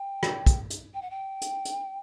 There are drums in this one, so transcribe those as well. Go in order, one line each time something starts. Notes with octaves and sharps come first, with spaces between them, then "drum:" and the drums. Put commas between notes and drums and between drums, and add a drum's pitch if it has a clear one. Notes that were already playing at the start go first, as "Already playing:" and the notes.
Already playing: G5
drum: rim click
drum: kick, hi-hat
drum: hi-hat
G5
F#5
G5
drum: hi-hat
drum: hi-hat